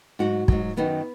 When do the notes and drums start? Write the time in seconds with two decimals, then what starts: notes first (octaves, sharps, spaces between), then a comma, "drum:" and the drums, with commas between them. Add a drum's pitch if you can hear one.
0.19 G#2 F#3 F#4
0.48 G#2 F#3, drum: kick
0.77 F#2 D#3 F#3 B3